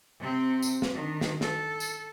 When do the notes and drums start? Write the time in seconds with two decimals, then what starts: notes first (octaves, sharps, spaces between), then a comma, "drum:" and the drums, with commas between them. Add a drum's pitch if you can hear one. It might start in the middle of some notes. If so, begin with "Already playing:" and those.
0.20 C3 C4
0.62 drum: tambourine
0.82 drum: snare
0.94 D#3 D4
1.21 drum: snare
1.41 A4, drum: snare
1.80 drum: tambourine